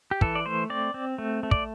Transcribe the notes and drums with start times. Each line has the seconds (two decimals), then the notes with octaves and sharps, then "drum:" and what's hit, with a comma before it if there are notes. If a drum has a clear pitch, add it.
0.11 G4
0.21 E3 A4, drum: kick
0.35 D5
0.46 A3 C5
0.70 C4 D5
0.94 C4
1.18 A3
1.43 A3
1.51 D5, drum: kick